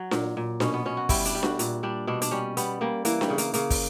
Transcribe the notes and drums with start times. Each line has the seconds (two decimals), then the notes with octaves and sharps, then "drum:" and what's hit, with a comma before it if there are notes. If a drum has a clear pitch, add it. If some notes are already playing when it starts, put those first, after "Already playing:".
Already playing: F#3
0.11 A#2, drum: snare D4
0.37 A#2
0.60 B2 C#4, drum: snare D4
0.74 B3
0.85 B2 C#4
0.97 F#4
1.09 G3 E4, drum: kick, open hi-hat
1.25 D4, drum: hi-hat
1.35 G3
1.43 F#4, drum: snare D4
1.59 A#2, drum: hi-hat
1.83 G3 D4
2.07 B2 D4
2.22 D4, drum: hi-hat
2.31 G3 C#4
2.57 G3 B3, drum: hi-hat
2.81 G3 A#3
3.05 E3 A#3, drum: hi-hat
3.21 G3, drum: snare D4
3.30 C#3
3.38 A#3, drum: hi-hat
3.54 C#3 A#3, drum: hi-hat
3.70 drum: kick, open hi-hat